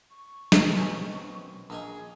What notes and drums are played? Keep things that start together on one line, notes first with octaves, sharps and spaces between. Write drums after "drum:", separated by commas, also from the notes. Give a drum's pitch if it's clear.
C#6
B1 D#3 B3, drum: snare
A#1 B2 C4 C#4
A#1 A#3 D#4 G#4 G#5